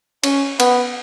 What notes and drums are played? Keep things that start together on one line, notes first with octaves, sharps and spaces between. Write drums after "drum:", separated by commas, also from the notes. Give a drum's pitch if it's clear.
C#4, drum: cymbal
B3, drum: cymbal